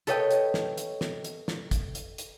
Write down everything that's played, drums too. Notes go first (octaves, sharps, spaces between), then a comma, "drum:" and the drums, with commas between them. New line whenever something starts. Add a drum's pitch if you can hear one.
A4 B4 C#5 D#5 G5, drum: hi-hat
drum: hi-hat
drum: snare
drum: hi-hat
drum: snare
drum: hi-hat
drum: snare
drum: kick, hi-hat
drum: hi-hat
drum: hi-hat